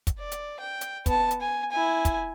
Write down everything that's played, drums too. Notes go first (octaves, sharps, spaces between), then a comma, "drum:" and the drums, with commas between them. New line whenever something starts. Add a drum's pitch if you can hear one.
drum: kick, hi-hat
D5
drum: hi-hat
G5
drum: hi-hat
B3 A5, drum: kick, hi-hat
drum: hi-hat
G#5
E4 G#5
drum: kick, hi-hat